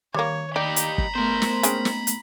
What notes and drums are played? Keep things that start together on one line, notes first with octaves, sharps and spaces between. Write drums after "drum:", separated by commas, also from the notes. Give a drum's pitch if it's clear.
D#3 G3 A#3 C#5
D#4 G4 D5 A#5 B5
drum: hi-hat
drum: kick
A3 B3 A#4 C5
drum: snare
G#3 C4 C#4, drum: hi-hat
drum: snare
drum: hi-hat